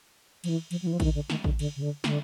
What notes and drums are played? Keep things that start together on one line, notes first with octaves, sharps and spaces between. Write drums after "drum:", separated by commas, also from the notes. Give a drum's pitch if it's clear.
F3, drum: cymbal
E3
F3, drum: cymbal
F#3
E3
F3
E3, drum: kick A1, cymbal
D#3
D3
D#3, drum: snare
D3, drum: kick A1
D3, drum: cymbal
C#3
D3
D3, drum: snare